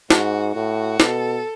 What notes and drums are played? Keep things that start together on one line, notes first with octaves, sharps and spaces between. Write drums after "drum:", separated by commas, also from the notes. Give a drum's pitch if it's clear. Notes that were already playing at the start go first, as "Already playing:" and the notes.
G#2 F#4, drum: snare
A2 F#4
B2 A4, drum: snare